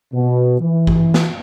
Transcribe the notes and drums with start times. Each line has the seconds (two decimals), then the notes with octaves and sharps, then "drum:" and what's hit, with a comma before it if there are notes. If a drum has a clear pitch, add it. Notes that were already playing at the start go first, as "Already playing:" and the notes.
0.13 B2
0.60 E3
0.87 drum: kick G#1
1.14 drum: snare